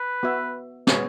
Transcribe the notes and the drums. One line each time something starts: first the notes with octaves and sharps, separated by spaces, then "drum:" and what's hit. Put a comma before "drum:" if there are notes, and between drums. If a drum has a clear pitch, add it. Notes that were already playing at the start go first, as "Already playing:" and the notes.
Already playing: B4
B3 F#4 E5
B3 G#4 C#5, drum: snare